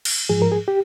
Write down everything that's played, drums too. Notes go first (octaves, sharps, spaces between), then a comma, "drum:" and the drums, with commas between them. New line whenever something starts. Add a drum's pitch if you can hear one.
drum: cymbal
G#2 F3 G#4
A#4
G#4
G4